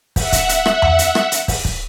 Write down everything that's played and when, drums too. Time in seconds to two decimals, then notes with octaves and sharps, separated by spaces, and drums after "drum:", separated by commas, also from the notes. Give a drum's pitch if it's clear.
0.16 E5 F#5, drum: kick, open hi-hat
0.33 drum: kick, hi-hat
0.49 drum: hi-hat
0.66 drum: rim click
0.82 drum: tom E2
0.99 drum: hi-hat
1.15 drum: rim click
1.32 drum: hi-hat
1.48 drum: kick, open hi-hat
1.65 drum: kick